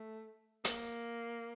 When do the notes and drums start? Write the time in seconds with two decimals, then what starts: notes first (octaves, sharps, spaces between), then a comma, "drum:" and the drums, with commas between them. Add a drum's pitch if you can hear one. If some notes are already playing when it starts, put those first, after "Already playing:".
Already playing: A3
0.65 A#3, drum: hi-hat